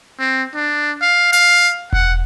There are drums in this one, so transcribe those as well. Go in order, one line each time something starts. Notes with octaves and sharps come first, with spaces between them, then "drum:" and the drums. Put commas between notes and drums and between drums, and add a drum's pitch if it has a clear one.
C4
D4
F5
F5, drum: open hi-hat
F#5, drum: kick E1